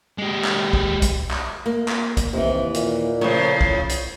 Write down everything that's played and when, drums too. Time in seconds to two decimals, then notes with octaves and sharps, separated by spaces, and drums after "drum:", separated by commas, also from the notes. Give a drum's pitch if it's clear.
0.18 G#3 G4
0.45 drum: clap
0.73 drum: kick
1.02 drum: kick, hi-hat
1.31 drum: clap
1.66 A#3
1.88 drum: clap
2.17 drum: kick, hi-hat
2.33 D#2 C3 E3
2.74 A#2, drum: hi-hat
3.21 A2 C#3 F3 C#5
3.61 drum: kick
3.89 drum: hi-hat